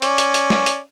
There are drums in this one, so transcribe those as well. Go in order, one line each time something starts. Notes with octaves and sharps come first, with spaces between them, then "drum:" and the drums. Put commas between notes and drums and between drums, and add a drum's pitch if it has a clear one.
C#4 D5, drum: hi-hat
drum: hi-hat
drum: hi-hat
drum: snare
drum: hi-hat